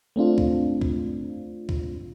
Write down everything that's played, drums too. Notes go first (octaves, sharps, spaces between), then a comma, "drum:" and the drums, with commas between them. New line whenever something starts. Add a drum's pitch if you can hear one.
A3 C4 D4 F4
drum: kick D2
drum: kick D2
drum: kick D2